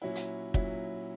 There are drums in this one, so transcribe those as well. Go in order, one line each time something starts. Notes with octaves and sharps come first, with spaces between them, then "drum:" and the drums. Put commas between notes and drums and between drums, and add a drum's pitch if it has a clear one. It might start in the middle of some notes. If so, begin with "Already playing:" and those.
A#2 F#3 C#4 E4
drum: hi-hat
A#2 F#3 C#4 E4, drum: kick